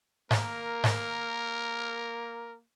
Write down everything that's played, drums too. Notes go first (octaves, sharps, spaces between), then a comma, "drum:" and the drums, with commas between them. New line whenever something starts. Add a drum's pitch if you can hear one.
A#3 A#4, drum: snare G#2
drum: snare G#2